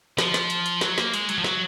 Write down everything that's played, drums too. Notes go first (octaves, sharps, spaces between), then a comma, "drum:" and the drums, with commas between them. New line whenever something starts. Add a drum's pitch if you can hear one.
F3, drum: snare
drum: snare
drum: hi-hat
drum: hi-hat
F#3, drum: snare
A#3, drum: snare
G#3, drum: hi-hat
F#3, drum: hi-hat
F3
F#3, drum: snare